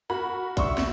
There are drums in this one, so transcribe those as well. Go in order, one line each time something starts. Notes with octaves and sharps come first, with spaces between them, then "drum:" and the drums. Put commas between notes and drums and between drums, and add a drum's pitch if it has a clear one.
F#4 A#4 B5
D5 E5 C6 C#6, drum: kick, hi-hat
drum: snare